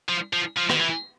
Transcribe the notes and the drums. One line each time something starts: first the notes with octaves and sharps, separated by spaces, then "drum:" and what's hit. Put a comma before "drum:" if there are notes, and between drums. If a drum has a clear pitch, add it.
F3
F3
F3
D#3, drum: rim click
E3